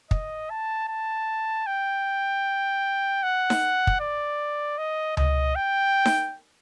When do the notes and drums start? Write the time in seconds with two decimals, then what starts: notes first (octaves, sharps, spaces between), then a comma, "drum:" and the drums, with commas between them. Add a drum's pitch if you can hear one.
0.11 D#5, drum: kick
0.50 A5
0.88 A5
1.67 G5
3.23 F#5
3.50 drum: snare D#4
3.87 drum: kick
4.00 D5
4.78 D#5
5.17 D#5, drum: tom C#2
5.56 G5
6.05 drum: snare D#4